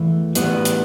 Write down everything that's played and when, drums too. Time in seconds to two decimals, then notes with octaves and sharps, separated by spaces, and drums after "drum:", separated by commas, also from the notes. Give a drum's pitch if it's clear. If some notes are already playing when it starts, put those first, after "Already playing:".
Already playing: E2 E3 A3
0.35 A2 E3 G3 B3, drum: hi-hat
0.65 drum: hi-hat